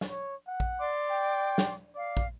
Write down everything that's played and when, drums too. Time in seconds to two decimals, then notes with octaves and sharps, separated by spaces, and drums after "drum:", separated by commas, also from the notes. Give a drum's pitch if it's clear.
0.01 drum: snare
0.10 C#5
0.47 F#5
0.60 drum: kick
0.80 D5 C6 D6
1.11 G5
1.58 drum: snare
1.95 D5 F5
2.17 drum: kick